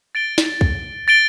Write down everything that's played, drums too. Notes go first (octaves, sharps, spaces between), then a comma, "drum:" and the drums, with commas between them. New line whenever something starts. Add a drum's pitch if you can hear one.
A6 D7 G7
drum: snare
drum: kick
A6 D7 G7